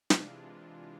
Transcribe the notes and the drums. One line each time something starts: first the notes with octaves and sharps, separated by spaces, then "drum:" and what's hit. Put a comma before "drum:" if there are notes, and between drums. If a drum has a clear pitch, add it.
C3 E3 G#3 D4 F4, drum: snare